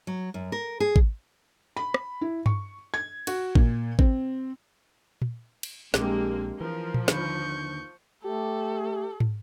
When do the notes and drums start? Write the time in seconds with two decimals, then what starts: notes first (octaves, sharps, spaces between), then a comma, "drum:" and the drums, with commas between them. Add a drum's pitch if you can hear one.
0.07 F#3
0.34 F#2
0.52 A#4
0.80 G#4
0.96 drum: kick G#1
1.77 B5
1.94 drum: rim click
2.21 E4
2.46 C#6, drum: tom G2
2.94 G#6
3.27 F#4, drum: cymbal
3.55 A#2, drum: kick G#1
3.99 C4, drum: kick G#1
5.22 drum: tom A#2
5.63 drum: cymbal
5.94 A#1 G#3 A#3 C4 D4 G4, drum: snare
6.61 E3 F3 A#4
6.94 drum: tom A#2
7.08 D#2 D3 D4 B4 C#6 G6, drum: snare
8.24 A3 G4 A4
9.20 drum: tom